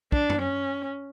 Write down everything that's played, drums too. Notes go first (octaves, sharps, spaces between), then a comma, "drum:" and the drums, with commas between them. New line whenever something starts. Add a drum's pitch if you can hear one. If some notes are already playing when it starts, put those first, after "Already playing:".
D4, drum: kick
drum: tom F#2
C#4